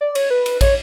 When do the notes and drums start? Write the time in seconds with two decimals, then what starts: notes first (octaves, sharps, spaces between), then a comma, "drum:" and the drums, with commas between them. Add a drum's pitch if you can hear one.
0.01 D5
0.15 C#5, drum: cymbal
0.30 B4
0.46 drum: cymbal
0.61 C#5, drum: kick, cymbal